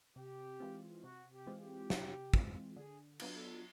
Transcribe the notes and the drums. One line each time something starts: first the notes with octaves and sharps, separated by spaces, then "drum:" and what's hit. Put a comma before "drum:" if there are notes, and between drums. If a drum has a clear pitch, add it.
C3 G4
E3 G#3 C4 F4
C3 F#4
G4
E3 G#3 C4 F4
G4
C3, drum: snare
E3 G#3 C4 F4, drum: kick
D3 G#4
F#3 B3 D4 F4, drum: cymbal
A4